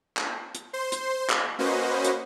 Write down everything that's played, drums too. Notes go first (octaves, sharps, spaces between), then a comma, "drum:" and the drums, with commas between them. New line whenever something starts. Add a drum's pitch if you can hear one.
drum: clap
drum: hi-hat
C5 C6
drum: hi-hat
drum: clap
A#3 C#4 F#4 B4 C5 D#5
drum: hi-hat